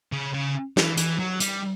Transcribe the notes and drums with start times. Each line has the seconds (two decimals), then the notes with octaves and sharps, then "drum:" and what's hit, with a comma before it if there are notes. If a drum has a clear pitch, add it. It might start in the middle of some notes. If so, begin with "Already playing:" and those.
0.12 C#3
0.34 C#3
0.77 E3, drum: snare
0.97 E3, drum: hi-hat
1.19 F#3
1.40 G3, drum: hi-hat